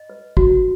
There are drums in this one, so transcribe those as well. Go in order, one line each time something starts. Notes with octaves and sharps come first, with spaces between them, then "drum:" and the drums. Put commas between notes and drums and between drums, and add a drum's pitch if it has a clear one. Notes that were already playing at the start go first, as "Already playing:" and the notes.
Already playing: D#5
B4
F#4, drum: kick